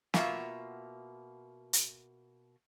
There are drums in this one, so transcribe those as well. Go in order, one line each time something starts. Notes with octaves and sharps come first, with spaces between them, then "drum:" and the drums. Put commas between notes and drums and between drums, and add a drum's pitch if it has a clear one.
B2 A#3 F4 E5, drum: snare
drum: hi-hat